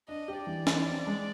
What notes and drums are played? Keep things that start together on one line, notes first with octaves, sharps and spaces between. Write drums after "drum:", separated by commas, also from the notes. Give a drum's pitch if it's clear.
D4 D#5
G4
D5
E3
D#4, drum: snare
C4
G#3